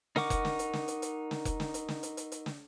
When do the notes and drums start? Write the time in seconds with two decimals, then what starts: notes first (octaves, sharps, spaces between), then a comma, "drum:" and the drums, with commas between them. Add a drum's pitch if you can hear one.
0.16 D#4 A#4 F#5 C#6 D6, drum: snare
0.30 drum: kick F1, hi-hat
0.45 drum: snare
0.59 drum: hi-hat
0.73 drum: snare
0.88 drum: hi-hat
1.02 drum: hi-hat
1.31 drum: snare
1.45 drum: kick F1, hi-hat
1.60 drum: snare
1.74 drum: hi-hat
1.88 drum: snare
2.03 drum: hi-hat
2.17 drum: hi-hat
2.32 drum: hi-hat
2.46 drum: snare